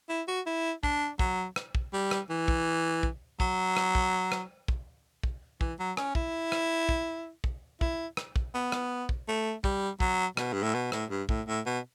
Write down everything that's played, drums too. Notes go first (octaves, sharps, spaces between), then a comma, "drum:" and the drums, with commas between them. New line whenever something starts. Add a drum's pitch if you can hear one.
E4
F#4
E4
D4, drum: kick
F#3, drum: kick
drum: rim click
drum: kick
G3
drum: rim click
E3
drum: kick
drum: kick
F#3, drum: kick
drum: rim click
drum: kick
drum: rim click
drum: kick
drum: kick
E3, drum: kick
F#3
C#4, drum: rim click
E4, drum: kick
drum: rim click
drum: kick
drum: kick
E4, drum: kick
drum: rim click
drum: kick
B3
drum: rim click
drum: kick
A3
G3, drum: kick
F#3, drum: kick
B2, drum: rim click
G2
A2
B2
A2, drum: rim click
G2
A2, drum: kick
A2
B2